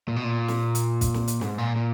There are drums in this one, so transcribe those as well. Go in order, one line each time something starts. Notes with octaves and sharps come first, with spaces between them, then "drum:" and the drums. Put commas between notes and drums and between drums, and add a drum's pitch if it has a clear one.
A#2
B2
A#2
drum: snare
drum: hi-hat
drum: kick, hi-hat
drum: snare
drum: hi-hat
G#2, drum: snare
A#2
A#2